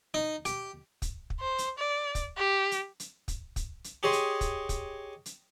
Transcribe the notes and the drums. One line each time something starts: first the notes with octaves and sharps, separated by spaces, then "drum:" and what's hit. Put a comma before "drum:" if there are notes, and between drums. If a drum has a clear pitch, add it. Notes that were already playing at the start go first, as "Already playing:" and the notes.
D#4
G4, drum: hi-hat
drum: kick, hi-hat
drum: kick
C5
drum: hi-hat
D5
drum: kick, hi-hat
G4
drum: hi-hat
drum: hi-hat
drum: kick, hi-hat
drum: kick, hi-hat
drum: hi-hat
G4 G#4 C#5 D#5 C6
drum: hi-hat
drum: kick, hi-hat
drum: kick, hi-hat
drum: hi-hat